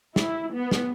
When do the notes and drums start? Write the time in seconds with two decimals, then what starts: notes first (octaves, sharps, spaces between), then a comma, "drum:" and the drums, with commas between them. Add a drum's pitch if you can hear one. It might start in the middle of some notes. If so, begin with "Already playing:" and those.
0.16 E4, drum: snare
0.54 B3
0.71 drum: snare